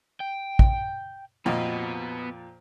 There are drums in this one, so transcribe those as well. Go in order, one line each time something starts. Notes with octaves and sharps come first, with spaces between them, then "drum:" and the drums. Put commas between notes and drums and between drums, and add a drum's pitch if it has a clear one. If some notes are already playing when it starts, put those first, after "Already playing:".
G5
drum: kick
F2 A#2 B3 D#5